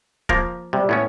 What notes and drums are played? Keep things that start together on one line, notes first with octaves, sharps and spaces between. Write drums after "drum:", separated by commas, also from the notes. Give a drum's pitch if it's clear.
F3 A#3 A#4, drum: kick
C3 G3
A2 B3 C#4 C#5